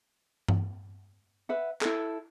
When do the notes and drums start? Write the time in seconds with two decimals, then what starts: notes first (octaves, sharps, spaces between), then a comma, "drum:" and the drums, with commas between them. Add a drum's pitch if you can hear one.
0.48 drum: tom G2
1.49 B4 E5 F#5
1.81 E4 A4, drum: clap